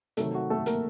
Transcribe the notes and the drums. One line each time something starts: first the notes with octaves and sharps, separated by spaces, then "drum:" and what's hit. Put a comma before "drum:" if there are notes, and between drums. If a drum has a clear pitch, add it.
C3 D#3 F#3 A3 A4, drum: hi-hat
F#4
A3 A4
A#3 A#4, drum: hi-hat